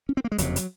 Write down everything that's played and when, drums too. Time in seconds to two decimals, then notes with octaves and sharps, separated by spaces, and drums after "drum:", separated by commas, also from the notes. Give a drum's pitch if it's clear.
0.09 C#4
0.17 C4
0.24 A#3
0.32 G#3
0.38 F#1 F2 C3 F#3, drum: hi-hat
0.56 drum: hi-hat